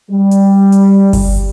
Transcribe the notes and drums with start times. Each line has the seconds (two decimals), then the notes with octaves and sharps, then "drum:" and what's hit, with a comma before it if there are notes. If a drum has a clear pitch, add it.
0.11 G3
0.31 drum: hi-hat
0.72 drum: hi-hat
1.13 drum: kick G1, open hi-hat